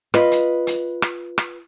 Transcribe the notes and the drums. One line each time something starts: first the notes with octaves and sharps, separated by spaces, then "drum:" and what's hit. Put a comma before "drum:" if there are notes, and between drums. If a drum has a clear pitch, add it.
F4 B4 D#5, drum: rim click
drum: hi-hat
drum: hi-hat
drum: rim click
drum: rim click